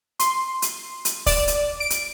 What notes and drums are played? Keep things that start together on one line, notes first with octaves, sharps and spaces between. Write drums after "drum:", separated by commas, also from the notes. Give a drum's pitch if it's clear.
C6, drum: hi-hat
drum: hi-hat
drum: hi-hat
D5, drum: kick, open hi-hat
drum: hi-hat
D7
drum: hi-hat